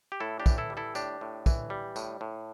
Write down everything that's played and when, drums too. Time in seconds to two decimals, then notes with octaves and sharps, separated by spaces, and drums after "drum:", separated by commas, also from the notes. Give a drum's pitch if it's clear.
0.12 G4
0.20 A2 E4 A4
0.40 D4 G4
0.46 E3, drum: kick, tambourine
0.58 E4 A4
0.70 G3
0.77 E4 A4
0.95 A2 D4 G4, drum: tambourine
1.21 A2
1.46 E3, drum: kick, tambourine
1.70 G3
1.96 A2, drum: tambourine
2.21 A2